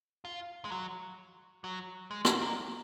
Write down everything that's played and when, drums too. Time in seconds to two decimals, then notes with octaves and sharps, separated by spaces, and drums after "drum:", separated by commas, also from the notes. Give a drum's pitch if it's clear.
0.25 F4
0.65 G#3
0.71 F#3
1.64 F#3
2.11 G#3
2.25 drum: rim click
2.42 A#3